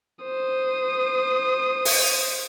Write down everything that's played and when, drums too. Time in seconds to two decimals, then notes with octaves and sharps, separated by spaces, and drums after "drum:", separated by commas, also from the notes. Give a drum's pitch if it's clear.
0.24 C5 D#6
1.85 drum: open hi-hat